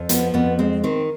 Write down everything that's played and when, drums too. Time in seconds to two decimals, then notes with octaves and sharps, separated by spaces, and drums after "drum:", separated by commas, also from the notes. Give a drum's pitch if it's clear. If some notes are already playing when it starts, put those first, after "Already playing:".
Already playing: F2
0.09 F3 B3, drum: hi-hat
0.34 F2 B3
0.59 G#3 C4
0.84 D#3 C4